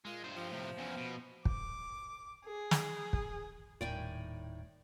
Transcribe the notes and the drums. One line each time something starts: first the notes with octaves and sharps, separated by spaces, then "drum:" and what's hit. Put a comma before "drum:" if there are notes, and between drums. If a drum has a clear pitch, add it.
A#2 G#3 F4
G2 C5
F3
A2 C3
E2 C#3
B2
D6, drum: kick
G#4
drum: snare
drum: kick
D#1 A2 D#3 D5 G5 G#5